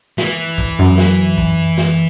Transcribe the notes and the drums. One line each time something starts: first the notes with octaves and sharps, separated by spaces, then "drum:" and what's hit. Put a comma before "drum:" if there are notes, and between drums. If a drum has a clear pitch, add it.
E3, drum: snare
drum: kick
F#2
drum: snare
drum: kick
drum: snare